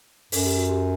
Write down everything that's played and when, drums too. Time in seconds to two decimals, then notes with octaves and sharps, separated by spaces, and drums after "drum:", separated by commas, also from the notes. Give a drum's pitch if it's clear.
0.32 F#2 A4, drum: open hi-hat
0.45 G4
0.57 F#4
0.69 G4